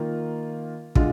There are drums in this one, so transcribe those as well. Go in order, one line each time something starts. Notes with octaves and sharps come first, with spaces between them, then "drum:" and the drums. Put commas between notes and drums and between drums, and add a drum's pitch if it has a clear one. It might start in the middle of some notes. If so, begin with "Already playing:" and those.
Already playing: D#3 A#3 F4
D3 G#3 D4 F4, drum: kick